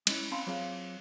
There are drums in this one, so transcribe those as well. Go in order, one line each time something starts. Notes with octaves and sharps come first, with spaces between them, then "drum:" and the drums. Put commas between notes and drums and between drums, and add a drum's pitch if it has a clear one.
G#3 C#4 E4, drum: cymbal
C4 C#4 F5 A5 B5 C6
F#3 C4 F4 G#4 F5